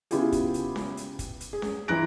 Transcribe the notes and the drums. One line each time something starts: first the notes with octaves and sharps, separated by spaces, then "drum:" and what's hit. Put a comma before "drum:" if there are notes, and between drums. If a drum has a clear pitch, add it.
C#3 B3 E4 F4 G4 G#4, drum: hi-hat
drum: kick, hi-hat
drum: hi-hat
drum: snare C#4
drum: hi-hat
drum: kick, hi-hat
drum: hi-hat
G#4
drum: snare C#4
E3 F3 A#5 F#6 A#6 D7